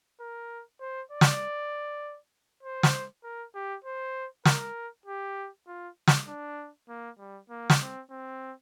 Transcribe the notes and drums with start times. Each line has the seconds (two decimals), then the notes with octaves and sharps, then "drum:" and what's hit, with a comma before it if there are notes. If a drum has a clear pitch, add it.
0.20 A#4
0.81 C5
1.11 D5
1.21 drum: snare
2.63 C5
2.83 drum: snare
3.24 A#4
3.55 G4
3.84 C5
4.45 A#4, drum: snare
5.06 G4
5.67 F4
6.08 drum: snare
6.27 D4
6.89 A#3
7.18 G3
7.49 A#3
7.70 drum: snare
7.80 C4
8.10 C4